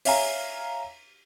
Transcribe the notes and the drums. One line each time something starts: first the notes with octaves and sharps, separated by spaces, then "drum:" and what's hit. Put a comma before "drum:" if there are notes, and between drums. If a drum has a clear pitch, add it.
C#5 E5 F5 G#5 A#5, drum: open hi-hat